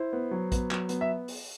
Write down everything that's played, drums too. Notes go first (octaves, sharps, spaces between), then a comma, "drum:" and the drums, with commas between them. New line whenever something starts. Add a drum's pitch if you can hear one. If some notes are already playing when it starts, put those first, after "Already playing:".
Already playing: E4 C5
B3
F#3
B3, drum: kick, hi-hat
F#3, drum: clap
B3, drum: hi-hat
E5
drum: open hi-hat